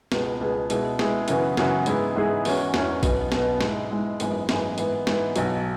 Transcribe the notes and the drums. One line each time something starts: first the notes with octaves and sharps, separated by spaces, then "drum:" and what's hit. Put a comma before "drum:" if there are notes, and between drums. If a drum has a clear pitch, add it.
C#2 B2 B3 G#4, drum: snare
C#2 B2 B3 G#4
B2 G#3 E4 G#4, drum: hi-hat
B2 G#3 E4 G#4, drum: snare
F#2 C#3 E3 B3 F#4, drum: hi-hat
F#2 C#3 E3 B3 F#4, drum: snare
G#2 E3 B3 E4 G#4, drum: hi-hat
G#2 E3 B3 E4 G#4
E1 E2 E3 C#4 F#4, drum: open hi-hat
E1 E2 E3 C#4 F#4, drum: snare
B1 B2 B3, drum: kick, hi-hat
B1 B2 B3, drum: snare
G#2 G#3 E4, drum: snare
G#2 G#3 E4
G#1 F#2 E3 G#3 B3, drum: hi-hat
G#1 F#2 E3 G#3 B3, drum: snare
G#2 E3 B3, drum: hi-hat
G#2 E3 B3, drum: snare
B1 B2 F#3, drum: hi-hat